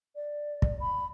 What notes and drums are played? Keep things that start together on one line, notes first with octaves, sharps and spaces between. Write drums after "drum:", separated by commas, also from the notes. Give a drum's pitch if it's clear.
D5
drum: kick
B5